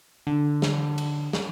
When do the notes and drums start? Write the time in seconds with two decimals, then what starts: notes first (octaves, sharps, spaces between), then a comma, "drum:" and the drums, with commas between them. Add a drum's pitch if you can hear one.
0.27 D3
0.62 drum: snare
0.98 drum: cymbal
1.33 drum: snare